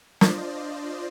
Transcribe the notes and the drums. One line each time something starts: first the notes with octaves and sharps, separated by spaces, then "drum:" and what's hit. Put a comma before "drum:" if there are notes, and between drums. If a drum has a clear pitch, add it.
D4 F4 C5 D5 D#5, drum: snare